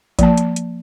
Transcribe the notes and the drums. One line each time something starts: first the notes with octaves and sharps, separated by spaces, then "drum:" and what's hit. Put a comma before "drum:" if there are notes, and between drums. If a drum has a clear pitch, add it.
F3 A#3 A5, drum: kick A1, hi-hat
drum: hi-hat
drum: hi-hat